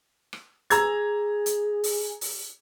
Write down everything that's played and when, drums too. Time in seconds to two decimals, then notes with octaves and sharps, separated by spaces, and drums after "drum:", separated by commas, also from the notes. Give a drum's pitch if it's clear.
0.33 drum: rim click
0.70 G#4 A#5 E6 G#6, drum: hi-hat
1.46 drum: hi-hat
1.84 drum: open hi-hat
2.21 drum: open hi-hat